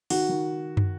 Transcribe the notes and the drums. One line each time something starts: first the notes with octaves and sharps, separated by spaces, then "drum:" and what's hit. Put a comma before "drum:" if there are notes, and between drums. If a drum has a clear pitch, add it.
D#3 F#4, drum: open hi-hat
D#3
drum: tom